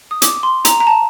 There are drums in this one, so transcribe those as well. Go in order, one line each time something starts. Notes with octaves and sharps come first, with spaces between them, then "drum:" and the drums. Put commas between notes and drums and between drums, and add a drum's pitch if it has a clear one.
D#6
D6, drum: hi-hat
C6
A#5, drum: hi-hat
A#5
A5